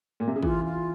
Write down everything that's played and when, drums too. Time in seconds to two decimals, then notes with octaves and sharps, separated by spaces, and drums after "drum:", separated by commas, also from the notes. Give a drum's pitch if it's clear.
0.20 A#2
0.27 C3
0.36 C#3
0.43 E3 F4, drum: kick
0.64 F4